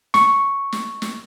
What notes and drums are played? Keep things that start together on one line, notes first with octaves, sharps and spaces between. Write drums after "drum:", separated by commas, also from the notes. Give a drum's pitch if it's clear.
C#6, drum: snare
drum: snare
drum: snare